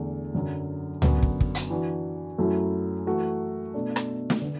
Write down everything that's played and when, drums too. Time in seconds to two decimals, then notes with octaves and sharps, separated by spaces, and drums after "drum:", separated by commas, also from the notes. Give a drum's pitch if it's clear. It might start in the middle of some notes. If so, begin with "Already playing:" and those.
Already playing: E2 D3 A3
0.35 F#2 D3 F#3
1.02 F#2 D3 B3 F#4, drum: tom C#2
1.22 drum: kick
1.40 drum: kick
1.55 drum: hi-hat
1.70 E3 D4 F#4
2.38 F#2 F#3 A3 E4
3.06 E3 A3 F#4
3.74 B2 A3 D4
3.96 drum: rim click
4.30 drum: snare
4.42 D3 B3